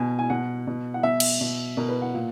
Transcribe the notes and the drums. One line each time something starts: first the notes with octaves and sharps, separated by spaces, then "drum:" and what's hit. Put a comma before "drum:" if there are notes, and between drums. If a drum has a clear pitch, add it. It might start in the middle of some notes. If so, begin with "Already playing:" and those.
Already playing: B2 G#5
G#5
B2 F#5
B2
F#5
B2 E5
drum: cymbal
B2
B2 A#4
B4
F#5
A#2